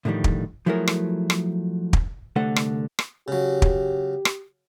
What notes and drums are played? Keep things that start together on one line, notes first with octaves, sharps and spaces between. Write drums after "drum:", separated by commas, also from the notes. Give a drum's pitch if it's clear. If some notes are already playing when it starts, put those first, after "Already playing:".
A2 D3 D#3 F3 G3
drum: kick
F3 F#3 A3 E4 G#4 A#4
drum: rim click
drum: rim click
drum: kick
C2 D3 A3 A4 C5 F#5
drum: rim click
drum: rim click
C#3 F#3 G4
drum: kick
drum: rim click